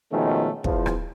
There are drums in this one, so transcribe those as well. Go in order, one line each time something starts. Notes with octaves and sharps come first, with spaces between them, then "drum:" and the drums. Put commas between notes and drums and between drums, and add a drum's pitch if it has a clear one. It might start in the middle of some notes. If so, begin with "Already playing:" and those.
B2 D#3 F3 G#3 A3 C#4
E2 F3, drum: kick
drum: rim click